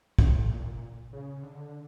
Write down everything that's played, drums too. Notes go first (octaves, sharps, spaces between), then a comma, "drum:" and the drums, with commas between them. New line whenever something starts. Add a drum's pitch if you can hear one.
A2, drum: kick
A#2
C#3
D3